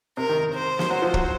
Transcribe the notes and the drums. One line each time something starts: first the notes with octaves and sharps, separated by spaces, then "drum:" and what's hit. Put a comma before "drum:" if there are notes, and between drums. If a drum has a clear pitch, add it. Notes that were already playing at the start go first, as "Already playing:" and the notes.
C3 A#4
D#3
C5
drum: snare
F#3
F3
F#3, drum: kick